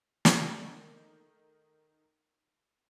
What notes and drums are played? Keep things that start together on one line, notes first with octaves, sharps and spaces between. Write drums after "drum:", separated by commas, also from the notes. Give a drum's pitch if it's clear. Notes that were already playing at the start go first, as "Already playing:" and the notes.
D#3 A3 D#4, drum: snare